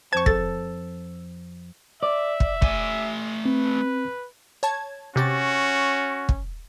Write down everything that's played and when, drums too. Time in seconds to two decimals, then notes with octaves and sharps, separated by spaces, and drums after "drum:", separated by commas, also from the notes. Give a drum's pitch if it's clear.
0.13 F2 C5 A5 C#6 G#6
0.26 A4 A6, drum: kick
2.03 D5 E5
2.40 drum: kick
2.62 A3 G#5, drum: kick
3.45 C4 B4
4.63 C#5 A5 G#6
5.16 C3 C#4 F#4 G4 A6
6.29 drum: kick